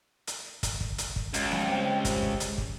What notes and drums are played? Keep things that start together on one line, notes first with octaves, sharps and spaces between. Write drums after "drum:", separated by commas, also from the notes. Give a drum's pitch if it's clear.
drum: hi-hat
drum: kick, hi-hat
drum: kick
drum: hi-hat
drum: kick
C#2 F#4, drum: hi-hat
drum: snare
G3 C4 G4
drum: kick, hi-hat
drum: kick
drum: hi-hat
drum: kick